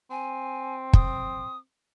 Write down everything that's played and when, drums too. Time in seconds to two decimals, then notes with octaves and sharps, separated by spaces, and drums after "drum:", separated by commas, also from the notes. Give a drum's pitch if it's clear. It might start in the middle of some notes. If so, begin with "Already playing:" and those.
0.11 C4 G#5
0.93 D#6, drum: kick